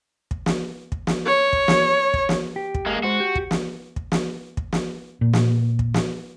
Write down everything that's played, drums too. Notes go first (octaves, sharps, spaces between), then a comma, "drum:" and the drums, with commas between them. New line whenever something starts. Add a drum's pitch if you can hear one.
drum: kick
drum: snare
drum: kick
drum: snare
C#5
drum: kick
drum: snare
drum: kick
drum: snare
G4
drum: kick
G#3 A#3
G#3 F#4 C5
G4
drum: kick
drum: snare
drum: kick
drum: snare
drum: kick
drum: snare
A#2
drum: snare
drum: kick
drum: snare